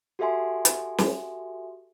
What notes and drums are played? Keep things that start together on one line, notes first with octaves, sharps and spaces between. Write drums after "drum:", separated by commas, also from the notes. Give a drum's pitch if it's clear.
F#4 G4 A4 E5 G#5 C6
drum: hi-hat
drum: snare